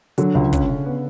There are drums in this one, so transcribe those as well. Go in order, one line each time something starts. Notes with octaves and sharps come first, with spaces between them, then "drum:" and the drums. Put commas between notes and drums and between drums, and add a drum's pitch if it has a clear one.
D3 F#3, drum: hi-hat
C#2
C#4, drum: kick, hi-hat
C#3
B3